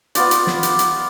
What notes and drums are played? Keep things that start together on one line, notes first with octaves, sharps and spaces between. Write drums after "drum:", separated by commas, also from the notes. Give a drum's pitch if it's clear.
B3 F4 D5, drum: hi-hat
drum: hi-hat
drum: snare
drum: hi-hat
drum: hi-hat